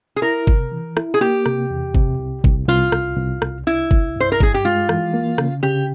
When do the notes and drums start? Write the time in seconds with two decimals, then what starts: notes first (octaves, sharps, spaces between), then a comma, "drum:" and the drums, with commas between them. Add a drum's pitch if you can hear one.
0.16 G#4
0.22 E4 A#4
0.47 C3, drum: kick G1
0.72 E3
0.97 E4, drum: rim click
1.14 G#4
1.21 A#3 G4
1.46 C3, drum: rim click
1.70 E2
1.95 C3, drum: kick G1
2.19 C2
2.44 C2, drum: kick G1
2.68 C2 F4
2.92 C2, drum: rim click
3.17 C2
3.42 C2, drum: rim click
3.66 C2 E4
3.91 C2, drum: kick G1
4.16 G2 C5
4.32 A#4
4.40 G2 G#4, drum: kick G1
4.54 G4
4.65 G#3 F4
4.89 E3, drum: rim click
5.14 A#3
5.38 C#3, drum: rim click
5.63 C#3 G4